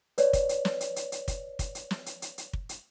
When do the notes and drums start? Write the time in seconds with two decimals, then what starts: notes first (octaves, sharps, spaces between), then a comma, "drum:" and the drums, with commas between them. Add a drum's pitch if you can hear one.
0.18 B4 C#5 D5, drum: hi-hat
0.33 drum: kick, hi-hat
0.49 drum: hi-hat
0.65 drum: snare
0.81 drum: hi-hat
0.96 drum: hi-hat
1.12 drum: hi-hat
1.28 drum: kick, hi-hat
1.59 drum: kick, hi-hat
1.75 drum: hi-hat
1.91 drum: snare
2.06 drum: hi-hat
2.22 drum: hi-hat
2.38 drum: hi-hat
2.53 drum: kick
2.69 drum: hi-hat